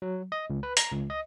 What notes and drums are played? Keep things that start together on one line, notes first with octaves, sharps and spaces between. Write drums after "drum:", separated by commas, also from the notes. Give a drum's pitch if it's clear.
F#3
D#5
C#2
B4
A#5, drum: hi-hat
C#2
D#5